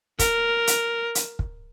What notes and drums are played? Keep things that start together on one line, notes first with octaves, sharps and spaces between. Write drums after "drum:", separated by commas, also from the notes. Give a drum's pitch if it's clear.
A#4, drum: kick, hi-hat
drum: hi-hat
drum: hi-hat
drum: kick